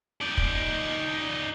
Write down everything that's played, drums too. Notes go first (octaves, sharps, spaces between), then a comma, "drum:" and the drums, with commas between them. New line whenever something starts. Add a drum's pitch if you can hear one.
D#4 D5
drum: kick